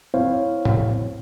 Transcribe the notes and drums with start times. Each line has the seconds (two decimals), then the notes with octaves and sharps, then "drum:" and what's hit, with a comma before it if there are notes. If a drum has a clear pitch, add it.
0.14 C4 E4 C5 C#5 F5
0.65 drum: tom A2